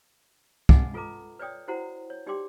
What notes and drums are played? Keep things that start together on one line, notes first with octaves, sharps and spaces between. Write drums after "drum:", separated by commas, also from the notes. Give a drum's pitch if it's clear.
D#5 F#5 G#5 A5 D6, drum: kick
F4 A4 B4 A#5 D6
B4 C#5 D5 G5 D#6
E4 F#4 C5 F#5 A#5
C#5
D#4 G4 D5 G5 C6 D6